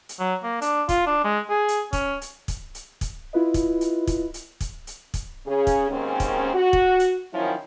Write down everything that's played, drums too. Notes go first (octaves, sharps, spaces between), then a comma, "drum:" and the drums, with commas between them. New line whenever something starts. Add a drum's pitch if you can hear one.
drum: hi-hat
F#3
A#3
D4, drum: hi-hat
F4, drum: kick, hi-hat
D4
G#3
G#4
drum: hi-hat
C#4, drum: kick, hi-hat
drum: hi-hat
drum: kick, hi-hat
drum: hi-hat
drum: kick, hi-hat
E4 F4 B4 D#5
drum: kick, hi-hat
drum: hi-hat
drum: kick, hi-hat
drum: hi-hat
drum: kick, hi-hat
drum: hi-hat
drum: kick, hi-hat
C#3 C#4 G#4
drum: kick, hi-hat
D#2 G#2 D#3 C4 C#4
drum: kick, hi-hat
F#4
drum: kick
drum: hi-hat
D#3 F3 F#3 C#4 E4